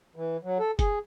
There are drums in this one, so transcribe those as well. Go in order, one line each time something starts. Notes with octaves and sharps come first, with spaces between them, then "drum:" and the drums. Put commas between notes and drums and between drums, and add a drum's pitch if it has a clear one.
E3
F#3
A4
G#4, drum: kick F1, hi-hat